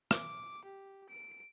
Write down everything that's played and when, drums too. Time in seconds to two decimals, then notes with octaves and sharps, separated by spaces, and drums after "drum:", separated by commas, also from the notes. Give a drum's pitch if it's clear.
0.11 D6, drum: rim click
0.64 G4
1.09 D7